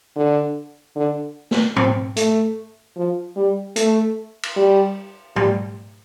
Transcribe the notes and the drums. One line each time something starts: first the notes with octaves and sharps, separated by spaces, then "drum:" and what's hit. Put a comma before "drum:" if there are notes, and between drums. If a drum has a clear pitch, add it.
D3
D3
drum: snare
C4, drum: tom G#2
A3, drum: hi-hat
F3
G3
A3, drum: hi-hat
drum: cymbal
G3
G3, drum: tom G#2